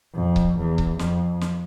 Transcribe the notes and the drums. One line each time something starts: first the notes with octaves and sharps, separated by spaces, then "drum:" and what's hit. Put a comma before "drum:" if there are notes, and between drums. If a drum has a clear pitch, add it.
F2
drum: kick C#1
E2
drum: kick C#1
F2, drum: snare
drum: snare